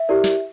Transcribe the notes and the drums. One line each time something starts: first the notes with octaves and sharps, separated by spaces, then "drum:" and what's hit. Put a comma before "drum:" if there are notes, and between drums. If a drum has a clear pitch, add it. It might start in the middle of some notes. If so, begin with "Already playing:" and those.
Already playing: E5
E4 G4 A#4 D5
drum: snare